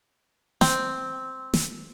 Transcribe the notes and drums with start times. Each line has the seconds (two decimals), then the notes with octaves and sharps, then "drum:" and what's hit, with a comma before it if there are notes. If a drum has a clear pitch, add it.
0.61 C4, drum: snare
1.54 drum: snare